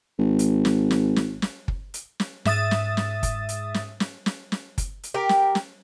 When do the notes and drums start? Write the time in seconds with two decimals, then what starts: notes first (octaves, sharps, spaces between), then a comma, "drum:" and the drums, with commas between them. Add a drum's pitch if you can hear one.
0.18 G#1
0.39 drum: hi-hat
0.65 drum: snare
0.91 drum: snare
1.16 drum: snare
1.42 drum: snare
1.68 drum: kick
1.94 drum: hi-hat
2.20 drum: snare
2.45 G#2 E5 D#6 A6, drum: snare
2.71 drum: snare
2.97 drum: snare
3.23 drum: kick, hi-hat
3.49 drum: hi-hat
3.74 drum: snare
4.00 drum: snare
4.26 drum: snare
4.52 drum: snare
4.78 drum: kick, hi-hat
5.03 drum: hi-hat
5.14 G4 A#4
5.29 drum: snare
5.55 drum: snare